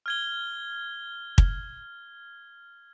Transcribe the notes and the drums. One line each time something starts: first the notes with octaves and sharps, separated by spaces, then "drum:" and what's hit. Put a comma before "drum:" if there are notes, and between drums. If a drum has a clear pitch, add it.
F6 G#6 G7
drum: kick